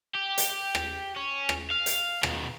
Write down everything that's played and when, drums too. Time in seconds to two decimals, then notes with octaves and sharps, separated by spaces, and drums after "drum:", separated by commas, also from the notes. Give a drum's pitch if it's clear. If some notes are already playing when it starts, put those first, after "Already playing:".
0.15 G4
0.38 drum: hi-hat
0.75 drum: rim click
1.16 C#4
1.49 drum: rim click
1.71 F5
1.86 drum: hi-hat
2.23 B2 D#3, drum: rim click